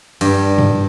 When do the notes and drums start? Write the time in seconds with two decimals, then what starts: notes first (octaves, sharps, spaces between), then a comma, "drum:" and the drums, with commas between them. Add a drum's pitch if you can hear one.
0.21 G2, drum: cymbal
0.58 drum: tom G2